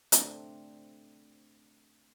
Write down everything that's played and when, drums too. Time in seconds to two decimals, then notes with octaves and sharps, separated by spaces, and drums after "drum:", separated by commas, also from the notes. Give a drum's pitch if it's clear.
0.12 A3 C4 D4, drum: hi-hat